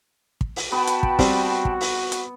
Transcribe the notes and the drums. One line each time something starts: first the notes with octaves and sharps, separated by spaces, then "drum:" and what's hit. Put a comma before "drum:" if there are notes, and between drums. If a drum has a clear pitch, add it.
drum: kick
drum: open hi-hat
B3 F#4 B4 G5 A5 B5
drum: hi-hat
drum: kick
G3 C4, drum: kick, open hi-hat
drum: kick
drum: open hi-hat
drum: hi-hat